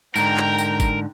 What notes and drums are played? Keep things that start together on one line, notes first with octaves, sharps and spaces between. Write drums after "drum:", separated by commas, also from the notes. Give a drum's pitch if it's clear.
G#2 D3 A#4 G5 A#5, drum: tambourine
drum: clap
drum: tambourine
drum: kick, tambourine